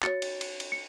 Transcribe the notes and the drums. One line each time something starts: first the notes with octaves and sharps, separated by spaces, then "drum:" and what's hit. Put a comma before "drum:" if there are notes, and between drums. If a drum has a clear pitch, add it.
F#4 C#5 A6 C#7, drum: clap
drum: cymbal
drum: cymbal
drum: cymbal
C#7